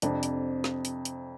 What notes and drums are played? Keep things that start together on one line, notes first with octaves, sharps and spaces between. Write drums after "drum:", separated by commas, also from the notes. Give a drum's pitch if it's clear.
F2 C3 D4, drum: hi-hat
drum: hi-hat
drum: snare
drum: hi-hat
drum: hi-hat